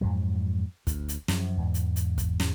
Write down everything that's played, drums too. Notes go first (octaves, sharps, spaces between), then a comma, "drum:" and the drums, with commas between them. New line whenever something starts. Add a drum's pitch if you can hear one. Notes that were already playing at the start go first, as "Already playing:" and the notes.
F2 G#2 F#3
D2, drum: kick, hi-hat
drum: hi-hat
F#2 F3, drum: snare
E2 G#2
drum: hi-hat
drum: hi-hat
drum: kick, hi-hat
drum: snare